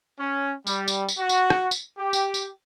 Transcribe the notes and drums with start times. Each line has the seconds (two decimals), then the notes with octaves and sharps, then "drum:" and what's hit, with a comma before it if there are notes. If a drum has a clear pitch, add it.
0.19 C#4
0.67 G3, drum: tambourine
0.88 drum: tambourine
1.09 drum: tambourine
1.18 F#4
1.29 drum: tambourine
1.50 drum: rim click
1.71 drum: tambourine
1.98 G4
2.13 drum: tambourine
2.34 drum: tambourine